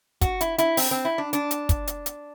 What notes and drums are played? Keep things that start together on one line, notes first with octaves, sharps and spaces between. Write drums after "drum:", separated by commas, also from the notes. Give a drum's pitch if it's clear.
F#4, drum: kick, hi-hat
E4, drum: hi-hat
E4, drum: hi-hat
C4, drum: open hi-hat
C4
E4
D4
D4, drum: hi-hat
drum: hi-hat
drum: kick, hi-hat
drum: hi-hat
drum: hi-hat